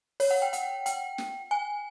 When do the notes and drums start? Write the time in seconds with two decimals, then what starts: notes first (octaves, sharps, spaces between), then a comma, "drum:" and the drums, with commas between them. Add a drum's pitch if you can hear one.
0.20 C#5, drum: open hi-hat
0.31 F#5
0.42 G5
0.53 F#5, drum: hi-hat
0.86 G5, drum: hi-hat
1.18 drum: snare
1.51 G#5